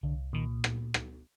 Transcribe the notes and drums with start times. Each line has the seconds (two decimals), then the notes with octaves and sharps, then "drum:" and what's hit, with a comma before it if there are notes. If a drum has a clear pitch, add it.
0.03 C2 D3
0.33 A#2 D#3
0.64 drum: rim click
0.94 drum: rim click